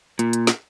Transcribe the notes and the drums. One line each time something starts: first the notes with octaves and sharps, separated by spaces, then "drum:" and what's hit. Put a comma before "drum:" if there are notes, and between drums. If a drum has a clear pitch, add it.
A#2, drum: hi-hat
drum: hi-hat
drum: snare